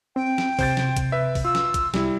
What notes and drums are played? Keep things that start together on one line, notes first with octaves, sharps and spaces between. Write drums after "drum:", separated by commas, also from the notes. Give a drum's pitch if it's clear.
C4 G5
drum: snare
C3 C5 G6 A6, drum: kick, open hi-hat
drum: snare
drum: kick, hi-hat
B4 E5
drum: kick, open hi-hat
F4 E6
drum: snare
drum: kick, hi-hat
C2 G3 E4, drum: snare